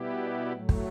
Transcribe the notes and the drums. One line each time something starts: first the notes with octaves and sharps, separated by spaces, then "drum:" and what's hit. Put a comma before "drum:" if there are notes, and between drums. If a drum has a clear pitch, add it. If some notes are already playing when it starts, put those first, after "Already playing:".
Already playing: B2 G3 B3 E4 G4
A2 F#3 A3
drum: kick